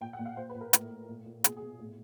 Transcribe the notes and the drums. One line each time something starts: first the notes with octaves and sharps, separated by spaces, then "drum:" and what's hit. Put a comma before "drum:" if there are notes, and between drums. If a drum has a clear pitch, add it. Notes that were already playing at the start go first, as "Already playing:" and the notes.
A#2 G5
F#5
A#2
F5
A#2 C5
B4
A#2
A#4
A2, drum: hi-hat
A2
A#2
A#2
B2 G#4, drum: hi-hat
G#4
B2
A2